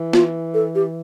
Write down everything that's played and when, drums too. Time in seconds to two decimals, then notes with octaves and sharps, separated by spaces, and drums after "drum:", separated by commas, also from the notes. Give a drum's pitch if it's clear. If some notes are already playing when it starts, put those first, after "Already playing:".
Already playing: E3
0.13 F4, drum: snare
0.54 A4
0.75 G4